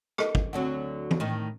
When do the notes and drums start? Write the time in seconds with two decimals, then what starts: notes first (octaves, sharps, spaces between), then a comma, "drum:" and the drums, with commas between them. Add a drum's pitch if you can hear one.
0.18 A4 A#4 D#5, drum: rim click
0.35 drum: kick
0.53 D2 D3 F#3 C4 F#5
1.11 drum: tom E3
1.20 A2 D#3